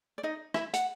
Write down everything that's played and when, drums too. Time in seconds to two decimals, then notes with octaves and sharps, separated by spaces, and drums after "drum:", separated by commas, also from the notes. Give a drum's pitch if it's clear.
0.18 D5
0.23 D#4 D#5
0.54 E4 E5, drum: rim click
0.74 F#5, drum: hi-hat